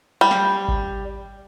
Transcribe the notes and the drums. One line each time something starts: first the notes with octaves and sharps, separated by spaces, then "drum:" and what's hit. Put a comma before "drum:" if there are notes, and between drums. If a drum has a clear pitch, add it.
G3
drum: snare
drum: kick G#1